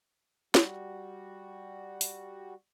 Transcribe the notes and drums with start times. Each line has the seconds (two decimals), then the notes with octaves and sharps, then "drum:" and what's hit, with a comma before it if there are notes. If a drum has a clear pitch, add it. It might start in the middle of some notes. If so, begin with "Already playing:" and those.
0.55 G3 F#4, drum: snare
2.01 drum: open hi-hat